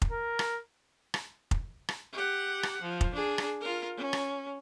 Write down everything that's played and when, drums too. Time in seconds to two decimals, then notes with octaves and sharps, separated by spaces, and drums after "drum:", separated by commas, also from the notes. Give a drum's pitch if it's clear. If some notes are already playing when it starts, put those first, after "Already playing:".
0.02 drum: kick
0.12 A#4
0.39 drum: rim click
1.14 drum: rim click
1.51 drum: kick
1.89 drum: rim click
2.13 G4 F#5
2.63 drum: rim click
2.82 F3
3.01 drum: kick
3.15 D4 G#4
3.38 drum: rim click
3.61 F4 A#4
3.97 C#4
4.13 drum: rim click